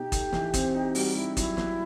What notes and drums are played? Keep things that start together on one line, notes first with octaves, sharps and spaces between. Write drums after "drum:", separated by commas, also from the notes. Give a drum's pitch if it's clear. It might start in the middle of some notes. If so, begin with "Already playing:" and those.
Already playing: B2 B3 D#4 G4
A4, drum: kick G1, hi-hat
E3, drum: snare
C4, drum: kick G1, hi-hat
D#4
G3 F#4, drum: open hi-hat
G3 E4
F#3 E4, drum: kick G1, hi-hat
B3, drum: snare